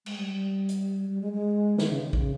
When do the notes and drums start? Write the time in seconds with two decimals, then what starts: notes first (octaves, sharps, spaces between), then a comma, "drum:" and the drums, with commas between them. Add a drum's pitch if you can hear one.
0.06 G#3, drum: cymbal
0.17 G3
0.29 G3
0.69 drum: hi-hat
1.09 G3
1.21 G#3
1.32 G#3
1.78 D#3, drum: snare
1.90 C#3
2.01 D#3
2.13 C#3, drum: kick